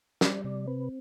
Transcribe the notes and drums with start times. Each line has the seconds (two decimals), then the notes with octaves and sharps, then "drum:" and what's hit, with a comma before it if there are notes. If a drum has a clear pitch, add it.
0.21 G3 D5, drum: snare
0.44 C3 D5
0.67 C4 B4